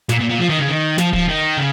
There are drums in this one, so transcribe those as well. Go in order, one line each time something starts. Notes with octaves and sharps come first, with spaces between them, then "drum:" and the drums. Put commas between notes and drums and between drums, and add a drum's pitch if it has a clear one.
A#2, drum: snare
A#2
A#2
F3
D#3
C#3
D#3
F3, drum: snare
F3, drum: kick
D#3
C#3